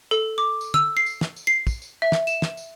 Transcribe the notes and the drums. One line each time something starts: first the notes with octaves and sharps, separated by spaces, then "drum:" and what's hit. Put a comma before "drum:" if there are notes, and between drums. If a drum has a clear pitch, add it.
A4
D6
drum: tambourine
E6, drum: tom
C7
drum: tambourine
drum: snare
drum: tambourine
C7
drum: kick, tambourine
drum: tambourine
E5
drum: snare
E7, drum: tambourine
drum: snare
drum: tambourine